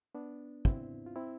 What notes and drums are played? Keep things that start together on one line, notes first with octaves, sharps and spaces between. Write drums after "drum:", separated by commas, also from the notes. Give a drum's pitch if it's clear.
B3 D4
C4 E4, drum: kick
F4
C4 E4